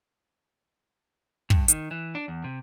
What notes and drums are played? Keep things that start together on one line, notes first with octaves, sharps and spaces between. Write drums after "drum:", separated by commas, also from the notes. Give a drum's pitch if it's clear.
G2, drum: kick
D#3, drum: hi-hat
E3
D4
E2
C3